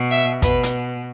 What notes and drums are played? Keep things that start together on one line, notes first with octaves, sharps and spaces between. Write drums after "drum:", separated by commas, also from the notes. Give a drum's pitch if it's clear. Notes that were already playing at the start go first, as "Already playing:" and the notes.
Already playing: B2
E5
B2 B4, drum: kick, hi-hat
drum: hi-hat